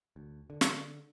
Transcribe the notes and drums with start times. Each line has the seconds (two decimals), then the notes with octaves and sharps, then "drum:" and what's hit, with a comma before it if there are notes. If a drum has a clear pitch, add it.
0.16 D2
0.50 D3
0.61 drum: snare